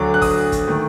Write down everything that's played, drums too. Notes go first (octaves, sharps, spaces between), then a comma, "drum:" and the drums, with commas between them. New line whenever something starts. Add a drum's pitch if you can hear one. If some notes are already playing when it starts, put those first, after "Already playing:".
Already playing: D2 D3 F#3 D6
F#6
D#6, drum: kick, open hi-hat
drum: kick, hi-hat
D#3 A3